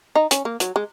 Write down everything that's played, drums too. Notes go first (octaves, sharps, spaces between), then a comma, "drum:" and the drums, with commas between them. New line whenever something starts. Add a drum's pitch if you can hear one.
D#4
C#4, drum: hi-hat
A#3
F#3, drum: hi-hat
G#3